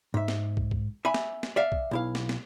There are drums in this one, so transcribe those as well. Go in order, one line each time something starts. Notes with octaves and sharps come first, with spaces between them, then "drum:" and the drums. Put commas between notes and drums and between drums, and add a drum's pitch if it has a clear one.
G#2 E5
drum: snare
drum: kick
drum: kick
E5 G#5 B5
drum: snare
drum: snare
D5 E5 F5
drum: kick
B1 E4 F5
drum: snare
drum: snare